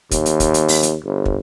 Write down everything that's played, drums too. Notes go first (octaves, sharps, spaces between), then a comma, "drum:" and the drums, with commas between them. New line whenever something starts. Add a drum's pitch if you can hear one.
D#2, drum: kick, hi-hat
drum: hi-hat
drum: kick, hi-hat
drum: hi-hat
drum: open hi-hat
drum: hi-hat
G1
drum: kick